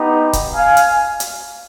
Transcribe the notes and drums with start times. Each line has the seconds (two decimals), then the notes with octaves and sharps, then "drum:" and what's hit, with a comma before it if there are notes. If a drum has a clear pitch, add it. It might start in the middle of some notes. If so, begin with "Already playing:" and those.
Already playing: B3 D#4 G4
0.33 drum: kick, hi-hat
0.55 F5 G#5
0.77 drum: hi-hat
1.20 drum: hi-hat